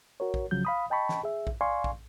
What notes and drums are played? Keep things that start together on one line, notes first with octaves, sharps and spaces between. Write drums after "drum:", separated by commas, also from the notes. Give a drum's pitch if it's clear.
F#4 A#4 C#5
drum: kick A#1
C#3 F3 F#3 G6
F5 B5 D#6
D#5 G5 A5 B5 C#6
drum: snare
G#4 E5
drum: kick A#1
D5 F5 G#5 C6 C#6
drum: kick A#1